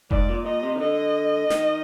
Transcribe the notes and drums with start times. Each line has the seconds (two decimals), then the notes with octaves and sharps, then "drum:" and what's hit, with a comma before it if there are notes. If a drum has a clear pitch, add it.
0.11 G#2 D5, drum: kick F1
0.29 A#2
0.46 A#2 D#5
0.63 C3
0.75 D#3
0.80 D3 D#5
1.50 D#3, drum: snare